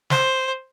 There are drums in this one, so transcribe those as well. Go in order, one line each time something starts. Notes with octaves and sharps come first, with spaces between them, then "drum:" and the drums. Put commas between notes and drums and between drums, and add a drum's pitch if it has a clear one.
C5, drum: snare